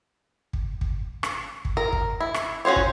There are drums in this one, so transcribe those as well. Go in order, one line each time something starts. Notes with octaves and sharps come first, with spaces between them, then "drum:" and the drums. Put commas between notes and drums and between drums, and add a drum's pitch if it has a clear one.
drum: kick
drum: kick
drum: rim click
drum: kick
A#4
drum: kick
E4
drum: rim click
C#4 F#4 C5 C#5
drum: kick